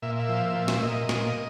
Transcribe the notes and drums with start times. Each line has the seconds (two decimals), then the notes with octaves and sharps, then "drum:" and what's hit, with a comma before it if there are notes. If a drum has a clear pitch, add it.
0.02 A#2 E5
0.20 E5
0.29 F3
0.55 A#2
0.68 drum: snare
0.83 A#2 D#5
1.09 A#2, drum: snare